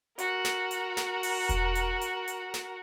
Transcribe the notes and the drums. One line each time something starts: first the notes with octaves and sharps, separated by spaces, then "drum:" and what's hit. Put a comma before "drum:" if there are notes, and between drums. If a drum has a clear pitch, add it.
F#4 A#4, drum: hi-hat
drum: snare
drum: hi-hat
drum: snare
drum: open hi-hat
drum: kick E1, hi-hat
drum: hi-hat
drum: hi-hat
drum: hi-hat
drum: snare